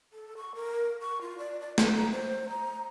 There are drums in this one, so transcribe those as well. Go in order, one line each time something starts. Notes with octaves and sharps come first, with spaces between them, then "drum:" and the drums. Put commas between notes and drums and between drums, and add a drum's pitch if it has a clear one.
A4
C#6
A#4
C#6
F4
D5
D5
B4, drum: snare
A#5
C5
A#5